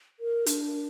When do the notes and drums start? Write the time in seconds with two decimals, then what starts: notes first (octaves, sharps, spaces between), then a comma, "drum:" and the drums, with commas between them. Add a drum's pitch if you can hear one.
0.20 A#4
0.46 D4, drum: hi-hat